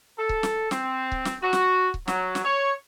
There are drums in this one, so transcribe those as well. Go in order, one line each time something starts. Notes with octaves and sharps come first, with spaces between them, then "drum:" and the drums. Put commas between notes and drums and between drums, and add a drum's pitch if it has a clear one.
A4
drum: kick C#1
drum: snare
C4, drum: snare
drum: kick C#1
drum: snare
F#4
drum: snare
drum: kick C#1
F#3, drum: snare
drum: snare
C#5